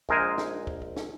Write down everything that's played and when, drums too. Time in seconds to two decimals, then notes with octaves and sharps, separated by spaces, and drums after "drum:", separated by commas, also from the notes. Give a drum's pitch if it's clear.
0.09 A#1 G#3 A#4 C5 G#5, drum: kick
0.38 drum: snare
0.67 drum: kick
0.82 drum: kick
0.96 drum: snare